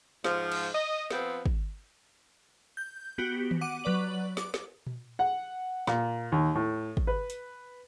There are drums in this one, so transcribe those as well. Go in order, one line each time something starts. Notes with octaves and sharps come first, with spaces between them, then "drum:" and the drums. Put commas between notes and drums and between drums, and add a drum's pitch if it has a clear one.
G#2 F3, drum: snare
drum: cymbal
D#5
F3 B3 C4, drum: snare
drum: kick
G6
B3 F#4 G4
drum: tom D#3
F#5 D6 D#7
F#3 B4 D5 F#7
D6, drum: snare
drum: snare
drum: tom A#2
F#5
A#2, drum: snare
D#2
A2
drum: kick
B4
drum: hi-hat